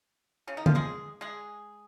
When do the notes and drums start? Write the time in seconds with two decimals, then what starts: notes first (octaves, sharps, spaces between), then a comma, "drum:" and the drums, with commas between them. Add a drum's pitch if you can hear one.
0.47 C#3 C#4
0.57 D#3 D#4
0.66 F3 F4, drum: tom
0.75 G#3 G#4
1.21 G#3 G#4